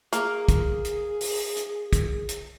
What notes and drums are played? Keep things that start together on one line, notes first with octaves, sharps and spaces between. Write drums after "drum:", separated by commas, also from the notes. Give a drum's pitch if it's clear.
A#3 G#4, drum: hi-hat
drum: kick, hi-hat
drum: hi-hat
drum: open hi-hat
drum: hi-hat
drum: kick, hi-hat
drum: hi-hat